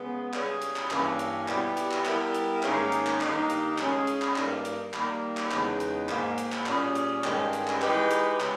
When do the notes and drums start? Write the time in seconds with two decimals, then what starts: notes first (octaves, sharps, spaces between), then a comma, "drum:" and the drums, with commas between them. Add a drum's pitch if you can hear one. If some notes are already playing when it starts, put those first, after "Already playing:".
Already playing: C#3 G#3 B3
0.33 C#3 G3 C#4 G#4, drum: clap
0.62 drum: hi-hat
0.76 drum: clap
0.91 G2 E3 A#3 C#4, drum: clap
1.19 drum: hi-hat
1.48 B2 G3 B3 E4 G4, drum: clap
1.77 drum: hi-hat
1.91 drum: clap
2.05 G3 B3 E4 A#4, drum: clap
2.34 drum: hi-hat
2.63 G#2 D#3 A#3 C#4 G#4, drum: clap
2.92 drum: hi-hat
3.06 drum: clap
3.21 G2 D#3 A#3 D#4, drum: clap
3.50 drum: hi-hat
3.78 C#3 G#3 C#4 G#4, drum: clap
4.07 drum: hi-hat
4.22 drum: clap
4.36 G2 G3 A#3 D#4 A#4, drum: clap
4.65 drum: hi-hat
4.94 D#3 G3 A#3, drum: clap
5.37 drum: clap
5.51 E2 C#3 G#3 B3 D#4, drum: clap
5.80 drum: hi-hat
6.09 G#2 D#3 A#3, drum: clap
6.38 drum: hi-hat
6.52 drum: clap
6.66 A#2 G3 C#4 G#4, drum: clap
6.95 drum: hi-hat
7.24 G2 D#3 G#3 C#4 G4, drum: clap
7.53 drum: hi-hat
7.67 drum: clap
7.82 E3 G#3 D#4 G4 B4, drum: clap
8.11 drum: hi-hat
8.40 C#3 G#3, drum: clap